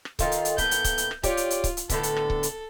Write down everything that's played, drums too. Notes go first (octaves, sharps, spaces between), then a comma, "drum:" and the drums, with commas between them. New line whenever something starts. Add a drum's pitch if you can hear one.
drum: rim click
D#3 F4 A4, drum: kick C#1, hi-hat
drum: hi-hat
drum: hi-hat
A2 A#3 B3 G6, drum: kick C#1, hi-hat
drum: hi-hat
drum: kick C#1, hi-hat
drum: hi-hat
drum: rim click
F4 G4 C#5 D5, drum: kick C#1, hi-hat
drum: hi-hat
drum: hi-hat
drum: kick C#1, hi-hat
drum: hi-hat
A2 D3 B3 A4, drum: kick C#1, hi-hat
drum: hi-hat
drum: rim click
drum: kick C#1
drum: hi-hat